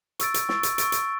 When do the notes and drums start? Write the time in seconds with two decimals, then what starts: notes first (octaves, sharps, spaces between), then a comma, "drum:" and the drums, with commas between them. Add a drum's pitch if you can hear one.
0.20 C#6 E6 A6 D7, drum: hi-hat
0.34 drum: hi-hat
0.49 C#6 E6 A6 D7, drum: snare
0.63 drum: hi-hat
0.78 C#6 E6 A6 D7, drum: hi-hat
0.92 drum: hi-hat